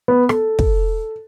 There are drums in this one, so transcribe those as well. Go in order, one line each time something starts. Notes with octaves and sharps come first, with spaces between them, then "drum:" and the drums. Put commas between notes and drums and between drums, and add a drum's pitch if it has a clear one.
B3
A4, drum: rim click
drum: kick